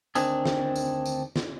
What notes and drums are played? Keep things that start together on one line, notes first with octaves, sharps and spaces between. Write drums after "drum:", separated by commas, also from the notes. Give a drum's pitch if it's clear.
D2 D#3 C4 D4 G#4, drum: tambourine
drum: snare
drum: tambourine
drum: tambourine
drum: snare